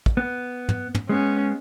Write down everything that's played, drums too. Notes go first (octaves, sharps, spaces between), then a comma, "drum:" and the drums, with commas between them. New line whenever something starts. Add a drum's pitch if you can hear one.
drum: kick
B3
drum: tom
drum: tom
G#3 B3 C#4